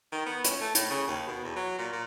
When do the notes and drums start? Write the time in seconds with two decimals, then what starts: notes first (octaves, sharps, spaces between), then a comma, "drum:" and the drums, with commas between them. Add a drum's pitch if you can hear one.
0.12 D#3
0.26 B3
0.44 C#4, drum: hi-hat
0.61 A3
0.75 A2, drum: hi-hat
0.90 C#3
1.08 D#2
1.27 B2
1.44 E2
1.56 F#3
1.78 A#2
1.92 A#2